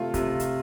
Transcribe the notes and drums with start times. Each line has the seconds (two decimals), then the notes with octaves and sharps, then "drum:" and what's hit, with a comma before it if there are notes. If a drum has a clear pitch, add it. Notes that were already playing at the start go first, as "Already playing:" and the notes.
Already playing: C3 A3 F4
0.14 C3, drum: kick, hi-hat
0.40 drum: hi-hat